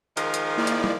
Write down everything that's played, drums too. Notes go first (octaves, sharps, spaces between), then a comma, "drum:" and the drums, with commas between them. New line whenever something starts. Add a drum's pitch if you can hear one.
D#3 F3 G#3 A#4, drum: hi-hat
drum: hi-hat
A#3 E4 D5
drum: hi-hat
drum: tom